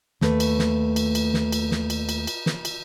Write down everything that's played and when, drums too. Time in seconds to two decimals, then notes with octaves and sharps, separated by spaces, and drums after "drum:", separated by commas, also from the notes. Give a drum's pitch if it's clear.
0.21 D#2 A3 B4, drum: snare
0.40 drum: cymbal
0.59 drum: snare
0.96 drum: cymbal
1.15 drum: cymbal
1.34 drum: snare
1.52 drum: cymbal
1.71 drum: snare
1.90 drum: cymbal
2.09 drum: cymbal
2.27 drum: cymbal
2.46 drum: snare
2.65 drum: cymbal